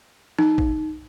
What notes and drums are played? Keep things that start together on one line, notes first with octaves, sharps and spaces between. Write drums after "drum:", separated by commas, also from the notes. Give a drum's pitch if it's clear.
D#4, drum: snare
drum: kick A1